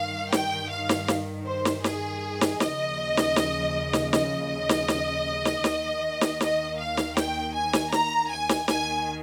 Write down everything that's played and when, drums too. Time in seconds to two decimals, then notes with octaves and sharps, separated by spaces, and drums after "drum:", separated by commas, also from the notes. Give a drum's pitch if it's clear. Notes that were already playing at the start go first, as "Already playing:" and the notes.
Already playing: G2 D#3 F5
0.32 G5, drum: snare
0.70 F5
0.89 drum: snare
1.08 drum: snare
1.46 C5
1.65 drum: snare
1.84 G#4, drum: snare
2.41 drum: snare
2.60 D#2 C#3 F3 D#5, drum: snare
3.17 drum: snare
3.36 drum: snare
3.93 drum: snare
4.13 D#5, drum: snare
4.69 drum: snare
4.88 drum: snare
5.45 drum: snare
5.64 D#2 D#3, drum: snare
6.21 drum: snare
6.41 D#5, drum: snare
6.79 F5
6.97 drum: snare
7.17 G5, drum: snare
7.54 G#5
7.73 drum: snare
7.92 A#5, drum: snare
8.30 G#5
8.49 drum: snare
8.68 D#2 D#3 G#5, drum: snare